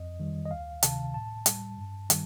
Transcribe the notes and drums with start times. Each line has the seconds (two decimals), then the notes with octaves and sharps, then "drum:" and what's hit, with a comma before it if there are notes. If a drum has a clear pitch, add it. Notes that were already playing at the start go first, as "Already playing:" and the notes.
Already playing: F2 D#5
0.20 D#3 G3
0.46 D#5
0.51 D2 F5
0.83 C3 D#3 A5, drum: hi-hat
1.14 A2 A5
1.46 G3, drum: hi-hat
1.78 G2
2.10 D#3 G3, drum: hi-hat